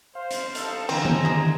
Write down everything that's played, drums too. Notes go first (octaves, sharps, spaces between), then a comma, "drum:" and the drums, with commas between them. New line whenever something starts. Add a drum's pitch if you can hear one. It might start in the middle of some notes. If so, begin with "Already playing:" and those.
C5 F5
drum: hi-hat
G3 D#4 A4, drum: hi-hat
D3 E3 C4 D#5 G#5 A#5, drum: cymbal
drum: tom D#3
G3 G#3